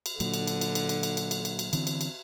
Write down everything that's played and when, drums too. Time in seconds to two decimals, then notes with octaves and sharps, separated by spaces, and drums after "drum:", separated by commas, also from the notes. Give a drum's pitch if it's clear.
0.06 drum: cymbal
0.20 A#2 D3 F#3, drum: cymbal
0.34 drum: cymbal
0.47 drum: cymbal
0.61 drum: cymbal
0.75 drum: cymbal
0.89 drum: cymbal
1.03 drum: cymbal
1.17 drum: cymbal
1.31 drum: cymbal
1.45 drum: cymbal
1.59 drum: cymbal
1.73 D3 E3 C4, drum: cymbal
1.87 drum: cymbal
2.01 drum: cymbal